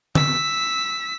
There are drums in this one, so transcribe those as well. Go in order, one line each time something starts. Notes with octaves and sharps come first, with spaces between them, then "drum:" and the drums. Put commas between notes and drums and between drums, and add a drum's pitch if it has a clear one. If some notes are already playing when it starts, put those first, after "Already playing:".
E6 B6, drum: tom D3